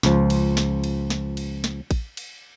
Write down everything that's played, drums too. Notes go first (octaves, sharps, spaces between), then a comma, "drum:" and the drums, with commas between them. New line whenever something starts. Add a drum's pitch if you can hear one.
C#2 F3, drum: snare
drum: cymbal
drum: snare
drum: cymbal
drum: snare
drum: cymbal
drum: snare
drum: kick A1, cymbal
drum: cymbal